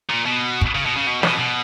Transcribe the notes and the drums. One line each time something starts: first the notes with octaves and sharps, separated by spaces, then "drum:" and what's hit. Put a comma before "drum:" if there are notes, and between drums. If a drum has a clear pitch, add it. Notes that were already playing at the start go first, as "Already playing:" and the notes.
A#2
B2
drum: kick
C#3
B2
C#3
B2
B2, drum: snare
B2